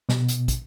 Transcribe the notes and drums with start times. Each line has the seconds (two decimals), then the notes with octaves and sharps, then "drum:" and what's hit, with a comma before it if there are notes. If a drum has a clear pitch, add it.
0.09 B2, drum: snare
0.28 drum: hi-hat
0.48 drum: kick, hi-hat